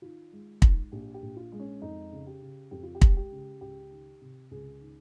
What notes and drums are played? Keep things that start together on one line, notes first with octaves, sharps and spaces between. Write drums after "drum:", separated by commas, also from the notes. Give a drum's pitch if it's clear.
D#3 F4
G#3
G#2, drum: kick
A#1 G4
G4
A#1
F4
G#3
C#4
F2 D#4
C#3
G4
C#3
F2 G4
F4
G4
G#3, drum: kick
G4
C#3
C#2 G4
D#3
C3
C#2 G#4
D#3